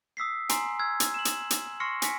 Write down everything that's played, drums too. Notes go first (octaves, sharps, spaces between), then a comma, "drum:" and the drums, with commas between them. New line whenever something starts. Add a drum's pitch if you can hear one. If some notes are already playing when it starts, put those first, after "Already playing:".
D#6 E6 B6 C7
G#5 A#5 C6 C7, drum: hi-hat
E6 F6 G#6
drum: hi-hat
E7 F#7
drum: hi-hat
drum: hi-hat
C6 C#6 F6 A#6 C7 C#7
G#5 B6 C#7, drum: hi-hat